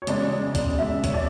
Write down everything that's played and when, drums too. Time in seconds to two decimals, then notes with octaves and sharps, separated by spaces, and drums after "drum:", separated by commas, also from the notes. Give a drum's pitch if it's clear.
0.02 C#5
0.07 F#1 E2 C#3 G#3 D5, drum: hi-hat
0.55 drum: kick C2, hi-hat
0.78 F#1 E2 C#3 G#3 E5
1.04 C#5, drum: kick C2, hi-hat
1.14 D5